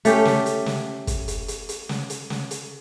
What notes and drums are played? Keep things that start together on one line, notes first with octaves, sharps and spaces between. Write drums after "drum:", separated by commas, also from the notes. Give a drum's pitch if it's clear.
A3 C#4 G4, drum: hi-hat
drum: snare
drum: hi-hat
drum: snare
drum: kick, hi-hat
drum: hi-hat
drum: hi-hat
drum: hi-hat
drum: snare
drum: hi-hat
drum: snare
drum: hi-hat